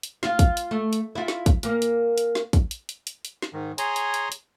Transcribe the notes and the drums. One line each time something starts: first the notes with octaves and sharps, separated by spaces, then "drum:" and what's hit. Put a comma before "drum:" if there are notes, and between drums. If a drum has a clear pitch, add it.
drum: hi-hat
F4 F5, drum: snare
drum: kick, hi-hat
drum: hi-hat
A3
drum: hi-hat
E4 F4
drum: snare
drum: kick, hi-hat
A#2 A#3, drum: hi-hat
drum: hi-hat
drum: hi-hat
drum: snare
drum: kick, hi-hat
drum: hi-hat
drum: hi-hat
drum: hi-hat
drum: hi-hat
drum: snare
G#2 D#3
G#4 C#5 G#5 A#5 C6, drum: hi-hat
drum: hi-hat
drum: hi-hat
drum: hi-hat